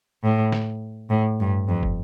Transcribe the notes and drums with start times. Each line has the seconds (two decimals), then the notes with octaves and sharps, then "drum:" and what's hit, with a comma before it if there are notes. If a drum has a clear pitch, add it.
0.23 A2
0.52 drum: snare
1.10 A2
1.40 G2
1.68 F2
1.83 drum: kick